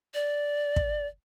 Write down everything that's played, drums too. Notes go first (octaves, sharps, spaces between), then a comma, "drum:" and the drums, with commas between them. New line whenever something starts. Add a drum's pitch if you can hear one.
D5
drum: kick